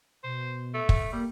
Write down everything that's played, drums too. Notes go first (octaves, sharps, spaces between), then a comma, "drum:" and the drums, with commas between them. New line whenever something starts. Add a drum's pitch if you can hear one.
B2 C5
A3
drum: kick
G3 A#3